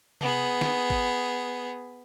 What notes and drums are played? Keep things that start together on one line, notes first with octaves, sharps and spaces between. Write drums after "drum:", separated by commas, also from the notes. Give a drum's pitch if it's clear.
B3 G#4, drum: tom C3
drum: snare
drum: kick